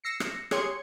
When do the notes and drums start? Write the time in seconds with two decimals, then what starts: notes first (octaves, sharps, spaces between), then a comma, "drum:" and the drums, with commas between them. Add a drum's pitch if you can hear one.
0.04 E6 A#6 C7 C#7
0.20 drum: rim click
0.51 G4 G#4 C#5 C6 G#6 C#7, drum: rim click